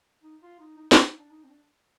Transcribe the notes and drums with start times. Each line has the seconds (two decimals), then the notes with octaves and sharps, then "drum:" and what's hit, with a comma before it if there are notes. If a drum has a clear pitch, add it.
0.23 D#4
0.42 F4
0.60 D#4
0.77 D#4
0.92 F4, drum: snare
1.05 D#4
1.19 D4
1.31 D#4
1.44 C4
1.49 D4